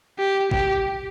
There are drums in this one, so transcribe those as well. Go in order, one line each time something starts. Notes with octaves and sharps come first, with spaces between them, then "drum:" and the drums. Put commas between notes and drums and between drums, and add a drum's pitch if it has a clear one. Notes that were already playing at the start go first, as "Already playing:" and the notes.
G4
G4, drum: kick